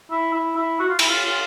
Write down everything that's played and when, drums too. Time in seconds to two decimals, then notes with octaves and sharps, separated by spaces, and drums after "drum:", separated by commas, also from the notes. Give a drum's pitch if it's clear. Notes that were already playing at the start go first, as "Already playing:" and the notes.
0.11 E4
0.34 E4
0.56 E4
0.79 F#4
0.89 F4
0.99 E4, drum: cymbal
1.09 F4
1.25 F4